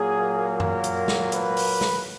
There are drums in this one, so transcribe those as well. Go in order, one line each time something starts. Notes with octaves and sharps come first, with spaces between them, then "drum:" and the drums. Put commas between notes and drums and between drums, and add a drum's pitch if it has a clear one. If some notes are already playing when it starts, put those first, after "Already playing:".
Already playing: A#2 F#3 A#3 G#4
A#4, drum: tom F#2
drum: hi-hat
drum: snare
B4, drum: hi-hat
drum: open hi-hat
drum: snare